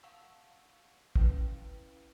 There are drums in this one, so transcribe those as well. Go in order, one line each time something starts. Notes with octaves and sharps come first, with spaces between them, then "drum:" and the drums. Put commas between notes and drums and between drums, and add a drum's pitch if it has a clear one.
F5 F#5 A5 C#6 E6
C#4 E4 B4 F5 G5, drum: kick